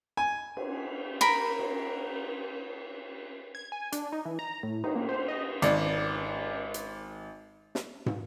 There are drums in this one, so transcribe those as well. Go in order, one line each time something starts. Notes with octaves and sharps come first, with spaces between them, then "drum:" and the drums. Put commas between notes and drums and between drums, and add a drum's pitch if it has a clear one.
G#5
drum: cymbal
A#4 B5
drum: cymbal
G#6
G#5
D4, drum: hi-hat
D#4
E3
A#5
A2
D#4, drum: cymbal
A#3
C5
D#5
G#1 D5, drum: hi-hat
drum: hi-hat
drum: snare
drum: tom